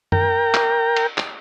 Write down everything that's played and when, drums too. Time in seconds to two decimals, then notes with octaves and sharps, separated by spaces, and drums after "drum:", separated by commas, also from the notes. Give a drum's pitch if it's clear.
0.12 A#4 G5 A#5, drum: tom F#2
0.54 drum: clap
0.97 drum: cymbal
1.18 drum: clap